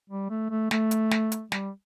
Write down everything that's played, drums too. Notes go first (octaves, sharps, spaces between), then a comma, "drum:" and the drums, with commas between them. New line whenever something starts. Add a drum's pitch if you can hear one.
G3
A3
A3
A3, drum: snare
drum: hi-hat
drum: snare
drum: hi-hat
G3, drum: snare